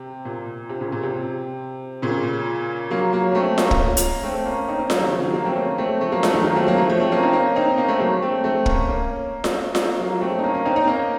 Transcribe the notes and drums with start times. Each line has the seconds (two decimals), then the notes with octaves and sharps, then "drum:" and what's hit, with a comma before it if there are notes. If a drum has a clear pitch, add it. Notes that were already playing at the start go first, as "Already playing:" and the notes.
Already playing: C3
0.25 A#2
0.69 C3
0.81 A#2 C#3
0.92 A#2
1.03 C3
2.02 A#2 C#3
2.91 F#3 A#3
3.13 F#3 A#3
3.32 C#4
3.35 A3 C4
3.58 A#3 C#4, drum: snare F4
3.71 drum: kick
3.97 drum: hi-hat
4.23 A3 C4
4.46 A#3 C#4
4.68 C4 D#4
4.79 A#3 C#4
4.90 F#3 A#3, drum: snare F4
5.01 C3 D#3
5.12 C#3 F3
5.23 D#3 F#3
5.34 F#3 A#3
5.45 A3 C4
5.56 A#3 C#4
5.78 A3 C4
6.01 F3 A3
6.12 F#3 A#3
6.23 F3 A3, drum: snare F4
6.34 D#3 F#3
6.45 F#3 A#3
6.56 A3 C4
6.67 F#3 A#3
6.78 F3 A3
6.90 F3 A3
7.00 A3 C4
7.12 A#3 C#4
7.23 C4 D#4
7.33 A#3 C#4
7.56 C4 D#4
7.78 A#3 C#4
7.88 A3 C4
7.99 F#3 A#3
8.22 A3 C4
8.44 A3 C4
8.66 A#3 C#4, drum: kick
8.88 A#3 C#4
9.44 drum: snare F4
9.75 drum: snare F4
10.00 F#3 A#3
10.21 A3 C4
10.39 D#4
10.44 A#3 C#4
10.54 A#3 C#4
10.65 C4 D#4
10.76 C4 D#4
10.87 A#3 C#4